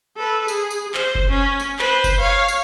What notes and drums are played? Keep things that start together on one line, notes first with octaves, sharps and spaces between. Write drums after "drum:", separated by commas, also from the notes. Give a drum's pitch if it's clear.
A4 B4
G#4, drum: tambourine
drum: tambourine
C5, drum: clap
drum: kick F#1
C#4
drum: tambourine
B4 C5, drum: clap
drum: kick F#1, tambourine
C#5 F5
drum: tambourine